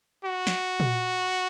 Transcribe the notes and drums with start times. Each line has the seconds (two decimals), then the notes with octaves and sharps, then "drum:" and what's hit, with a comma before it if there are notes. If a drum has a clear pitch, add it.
0.25 F#4
0.47 drum: snare
0.80 drum: tom A#2